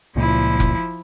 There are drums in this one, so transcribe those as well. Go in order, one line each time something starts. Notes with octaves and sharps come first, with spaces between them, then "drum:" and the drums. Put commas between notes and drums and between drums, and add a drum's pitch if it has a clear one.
C#2 A#2 F3 E4
drum: kick F1